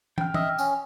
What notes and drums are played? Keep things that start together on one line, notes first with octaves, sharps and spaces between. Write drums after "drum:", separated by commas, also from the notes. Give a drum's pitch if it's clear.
G5 F6, drum: tom
D#5 E5, drum: tom
C#4, drum: tambourine